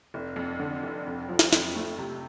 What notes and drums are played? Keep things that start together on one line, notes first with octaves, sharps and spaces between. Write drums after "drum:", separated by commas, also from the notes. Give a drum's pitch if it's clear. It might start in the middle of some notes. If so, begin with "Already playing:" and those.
F1
F2
D3
F1
F2
F3
drum: snare
F2, drum: snare
A3
C3